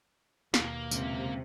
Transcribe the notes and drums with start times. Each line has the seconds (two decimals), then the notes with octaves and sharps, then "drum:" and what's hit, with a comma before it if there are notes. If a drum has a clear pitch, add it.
0.54 D#2 B2 A#3, drum: snare
0.91 C#2 C3, drum: tambourine